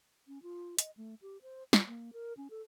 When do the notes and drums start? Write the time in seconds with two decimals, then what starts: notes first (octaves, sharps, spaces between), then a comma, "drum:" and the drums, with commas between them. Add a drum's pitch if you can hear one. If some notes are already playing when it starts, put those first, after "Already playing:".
0.28 C#4
0.42 F4
0.79 D#5, drum: hi-hat
0.97 A3
1.22 G4
1.42 C5
1.73 F4, drum: snare
1.87 A#3
2.13 A#4
2.37 C#4
2.50 A4